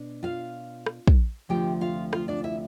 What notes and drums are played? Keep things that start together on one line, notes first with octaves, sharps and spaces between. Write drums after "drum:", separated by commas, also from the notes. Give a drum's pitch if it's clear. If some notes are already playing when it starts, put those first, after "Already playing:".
Already playing: B2 D4
F4 F5
drum: rim click
drum: kick
D2 C3 F3 A3 G4 G5
F4 F5
F4 F5, drum: rim click
D4 D5
E4 E5